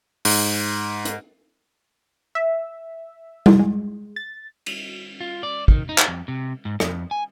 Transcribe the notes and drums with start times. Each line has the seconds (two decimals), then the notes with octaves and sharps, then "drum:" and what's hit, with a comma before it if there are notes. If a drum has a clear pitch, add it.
0.25 G#2, drum: open hi-hat
1.05 drum: hi-hat
2.35 E5
3.46 drum: tom G3
3.59 G#3
4.16 A6
4.66 drum: cymbal
5.21 F4
5.43 D5
5.68 D#3, drum: kick
5.89 D#4
5.98 drum: clap
6.08 F2
6.28 C3
6.65 G#2
6.80 F2, drum: rim click
7.11 G#5